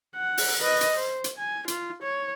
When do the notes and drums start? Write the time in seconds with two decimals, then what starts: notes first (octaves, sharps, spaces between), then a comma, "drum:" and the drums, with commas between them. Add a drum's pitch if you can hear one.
0.16 F#5
0.38 drum: open hi-hat
0.61 B4 D#5
0.81 drum: hi-hat
0.96 C5
1.24 drum: hi-hat
1.38 G#5
1.68 F4, drum: hi-hat
2.02 C#5